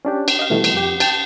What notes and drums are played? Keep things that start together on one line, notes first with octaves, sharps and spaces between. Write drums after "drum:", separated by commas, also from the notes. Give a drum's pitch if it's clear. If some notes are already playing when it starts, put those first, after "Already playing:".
C#4 D4 G4
drum: cymbal
D#5 F5
B2 E3 G3 A3
drum: cymbal
F2 G4
G5 A5, drum: cymbal